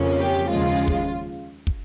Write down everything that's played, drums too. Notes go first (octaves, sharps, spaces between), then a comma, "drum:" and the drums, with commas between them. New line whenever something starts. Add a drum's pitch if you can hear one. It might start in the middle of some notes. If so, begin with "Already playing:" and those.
Already playing: F2 C#3 F3 A#3 C#4
G4
D#2 C#3 F3 G#3 F4
drum: kick
drum: kick